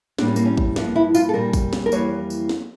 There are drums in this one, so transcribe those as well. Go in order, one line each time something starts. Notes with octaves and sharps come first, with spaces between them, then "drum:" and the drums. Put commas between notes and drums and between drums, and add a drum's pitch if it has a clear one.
A2 G3 A#3 D4, drum: snare
C#4
A#3, drum: tambourine
C#4
drum: kick
G2 F3 A#3 E4, drum: snare
E4
F4, drum: tambourine
A4
A#2 G3 A#3 A#4
drum: kick, tambourine
drum: snare
A#4
F2 E3 G3 A#3 C#5, drum: tambourine
drum: tambourine
drum: snare